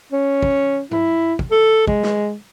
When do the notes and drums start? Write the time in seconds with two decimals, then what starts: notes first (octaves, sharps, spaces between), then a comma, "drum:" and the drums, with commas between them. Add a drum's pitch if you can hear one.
0.12 C#4
0.43 drum: kick
0.91 E4, drum: tom G2
1.39 drum: kick
1.51 A4
1.87 G#3, drum: kick
2.03 drum: snare